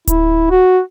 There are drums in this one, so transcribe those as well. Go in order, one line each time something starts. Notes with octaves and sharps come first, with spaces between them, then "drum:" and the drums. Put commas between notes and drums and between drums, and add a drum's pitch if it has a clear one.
E4, drum: kick D1, hi-hat
F#4